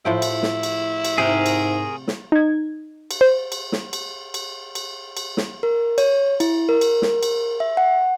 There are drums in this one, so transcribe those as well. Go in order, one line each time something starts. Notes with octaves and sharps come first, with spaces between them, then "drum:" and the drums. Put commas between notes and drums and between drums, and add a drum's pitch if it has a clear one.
A2 F3 E4 G5
drum: cymbal
drum: snare
drum: cymbal
drum: cymbal
G#2 C3 G#4 A#4 G5
drum: cymbal
drum: snare
D#4 G#6
drum: cymbal
C5
drum: cymbal
drum: snare
drum: cymbal
drum: cymbal
drum: cymbal
drum: cymbal
drum: snare
A#4
C#5, drum: cymbal
E4, drum: cymbal
A#4
drum: cymbal
drum: snare
drum: cymbal
E5
F#5